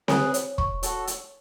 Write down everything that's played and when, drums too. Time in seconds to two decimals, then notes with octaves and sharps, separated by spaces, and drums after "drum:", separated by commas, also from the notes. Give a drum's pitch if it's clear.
0.08 G#4 B4 C#5, drum: snare C4
0.34 C#5, drum: hi-hat
0.58 C#6, drum: kick
0.83 F#4 A4 C#5, drum: hi-hat
1.07 C#5, drum: hi-hat